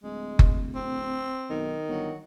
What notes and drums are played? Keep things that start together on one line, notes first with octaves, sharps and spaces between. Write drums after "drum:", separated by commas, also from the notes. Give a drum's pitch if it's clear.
D1 G#3
drum: kick F#1
C4
B1 D#3
G1 F#3